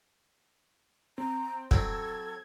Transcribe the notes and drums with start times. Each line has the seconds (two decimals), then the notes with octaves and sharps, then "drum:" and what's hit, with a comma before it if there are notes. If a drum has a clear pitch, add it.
1.18 C4 A#5
1.71 C2 F#3 C4 A4 G#6, drum: kick